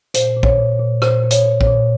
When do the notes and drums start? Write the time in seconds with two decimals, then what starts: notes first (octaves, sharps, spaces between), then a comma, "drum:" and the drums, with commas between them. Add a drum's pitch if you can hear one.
0.14 A#2 C5, drum: hi-hat
0.36 A#2
0.43 C#5, drum: kick A#1
0.58 A#2
0.80 A#2
1.02 A#2 C5, drum: rim click
1.24 A#2
1.31 C#5, drum: hi-hat
1.46 A#2
1.61 C#5, drum: kick A#1
1.67 A#2